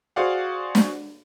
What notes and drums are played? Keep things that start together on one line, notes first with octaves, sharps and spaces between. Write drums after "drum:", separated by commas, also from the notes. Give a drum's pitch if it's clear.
F#4 G#4 C5 D5 F5 F#5
drum: snare